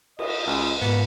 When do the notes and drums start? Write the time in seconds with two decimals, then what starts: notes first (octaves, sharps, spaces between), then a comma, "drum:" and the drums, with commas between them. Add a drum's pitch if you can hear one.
0.19 D#5, drum: cymbal
0.47 C#2
0.82 G#2 A#3 B3